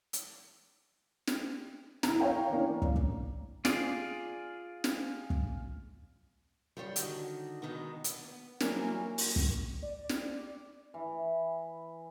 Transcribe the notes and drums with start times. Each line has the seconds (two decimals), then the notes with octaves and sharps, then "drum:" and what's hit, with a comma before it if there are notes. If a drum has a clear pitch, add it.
0.13 drum: hi-hat
1.27 drum: snare
2.03 E4 A#5, drum: snare
2.20 C#5 F5 G5 A#5
2.50 E3 A#3 C#4 D4
2.82 drum: kick
2.96 drum: kick
3.65 F4 G#4 D5, drum: snare
4.84 drum: snare
5.30 drum: kick
6.77 G3 F4 C5 C#5
6.96 D3 D#3 F#4, drum: hi-hat
7.62 B2 D#3 G#3 B3
8.04 B3, drum: hi-hat
8.60 E3 F#3 G3 A#3 C#4, drum: snare
9.18 drum: open hi-hat
9.36 drum: kick
9.82 D5
10.09 drum: snare
10.94 E3